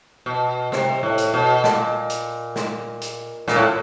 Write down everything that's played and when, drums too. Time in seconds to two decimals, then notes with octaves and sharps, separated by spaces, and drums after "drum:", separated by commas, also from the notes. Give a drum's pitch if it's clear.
0.26 B2
0.72 C3, drum: snare
1.03 A2
1.18 drum: hi-hat
1.34 B2
1.64 A#2, drum: snare
2.10 drum: hi-hat
2.56 drum: snare
3.01 drum: hi-hat
3.48 A#2, drum: snare
3.56 A2